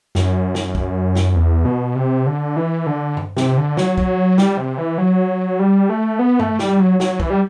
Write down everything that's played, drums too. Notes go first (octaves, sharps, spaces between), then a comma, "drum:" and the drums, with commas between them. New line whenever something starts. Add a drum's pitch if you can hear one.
F#2, drum: snare
drum: snare
drum: kick
drum: snare
E2
B2
C3
D3
E3
D3
drum: tom G2
C3, drum: snare
D3
F#3, drum: snare
drum: kick
G3, drum: snare
C3
E3
F#3
G3
A3
B3
A3, drum: tom G2
G3, drum: snare
F#3
F#3, drum: snare
E3, drum: kick
G3